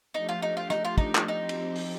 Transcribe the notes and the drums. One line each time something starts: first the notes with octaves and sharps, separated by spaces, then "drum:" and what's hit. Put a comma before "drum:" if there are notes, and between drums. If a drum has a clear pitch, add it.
F3 A3 D4 D#4 G4
F4
D#4
F4
D#4, drum: rim click
F4
D#4, drum: kick
drum: clap
F3 C4 D#4 G4
drum: cymbal
drum: open hi-hat